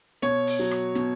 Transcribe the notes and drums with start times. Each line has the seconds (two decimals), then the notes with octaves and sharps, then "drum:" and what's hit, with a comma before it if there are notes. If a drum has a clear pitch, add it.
0.22 B2 C#5, drum: hi-hat
0.47 drum: open hi-hat
0.59 F#3
0.71 drum: rim click
0.95 B2, drum: hi-hat